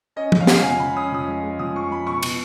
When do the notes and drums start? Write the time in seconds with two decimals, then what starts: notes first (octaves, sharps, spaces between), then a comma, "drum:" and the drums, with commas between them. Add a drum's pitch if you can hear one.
0.16 C#4 D#5
0.32 C#4, drum: tom
0.40 F5
0.47 G#3 F#5, drum: snare
0.54 F5
0.64 F2 G#5
0.80 F2 B5
0.95 C#4 D#6
1.12 F2 D#6
1.28 G#3
1.43 G#3
1.59 F2 D#6
1.75 F3 C#6
1.91 F3 B5
2.07 B2 C#6
2.23 B2, drum: cymbal